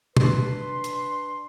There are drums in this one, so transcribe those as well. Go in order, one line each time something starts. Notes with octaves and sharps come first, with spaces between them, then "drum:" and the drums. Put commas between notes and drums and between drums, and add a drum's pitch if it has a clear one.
D4 B4 C6, drum: tom
drum: hi-hat